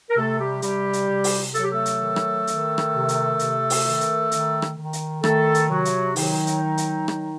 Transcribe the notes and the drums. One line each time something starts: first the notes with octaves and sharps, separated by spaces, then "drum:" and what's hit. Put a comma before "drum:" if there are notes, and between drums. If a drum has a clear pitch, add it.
A#4
C3 A3 A4
G3 G4
C3 G3 G4, drum: hi-hat
drum: hi-hat
C3
drum: open hi-hat
F#3 A4, drum: hi-hat
G4
A3 A4
drum: hi-hat
D#3
drum: rim click
D#3, drum: hi-hat
drum: rim click
C3
drum: hi-hat
C3, drum: hi-hat
drum: open hi-hat
D#3
drum: hi-hat
D#3, drum: hi-hat
drum: rim click
D#3
drum: hi-hat
D#3 A3 A4, drum: rim click
drum: hi-hat
C3 F#3 F#4
drum: hi-hat
D#3 F#3 D#4, drum: open hi-hat
drum: hi-hat
F#3
drum: hi-hat
D#3, drum: rim click